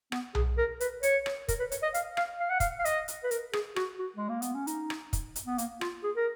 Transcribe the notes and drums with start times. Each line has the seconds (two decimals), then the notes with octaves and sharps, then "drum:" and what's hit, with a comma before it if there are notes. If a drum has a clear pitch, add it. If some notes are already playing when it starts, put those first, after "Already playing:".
0.12 B3, drum: rim click
0.35 G#4, drum: tom B1
0.58 A#4
0.80 B4, drum: hi-hat
1.03 C#5, drum: hi-hat
1.26 drum: rim click
1.48 A#4, drum: kick, hi-hat
1.60 B4
1.72 C#5, drum: hi-hat
1.83 D#5
1.94 F5, drum: hi-hat
2.17 F5, drum: rim click
2.40 F5
2.50 F#5
2.60 F5, drum: kick, hi-hat
2.79 F5
2.85 D#5, drum: hi-hat
3.08 drum: hi-hat
3.24 B4
3.31 A#4, drum: hi-hat
3.53 G#4, drum: rim click
3.76 F#4, drum: rim click
3.99 F#4
4.17 G#3
4.29 A#3
4.42 B3, drum: hi-hat
4.55 C#4
4.67 D#4, drum: hi-hat
4.90 drum: rim click
5.13 drum: kick, hi-hat
5.36 drum: hi-hat
5.47 B3
5.58 A#3, drum: hi-hat
5.81 F4, drum: rim click
6.04 G#4
6.17 A#4